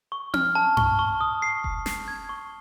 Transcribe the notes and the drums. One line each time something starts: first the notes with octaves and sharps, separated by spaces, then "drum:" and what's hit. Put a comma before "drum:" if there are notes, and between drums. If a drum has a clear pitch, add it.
C#6
F6, drum: tom C4
A5
C#6, drum: tom G2
C#6
D#6
C7
C7, drum: kick F1
C7, drum: snare
G#6
C#6